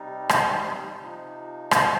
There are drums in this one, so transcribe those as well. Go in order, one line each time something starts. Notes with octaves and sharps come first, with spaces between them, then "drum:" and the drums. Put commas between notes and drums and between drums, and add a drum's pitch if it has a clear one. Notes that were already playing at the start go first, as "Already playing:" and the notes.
Already playing: C3 G3 D#4
drum: rim click
C3 F3 D#4
drum: rim click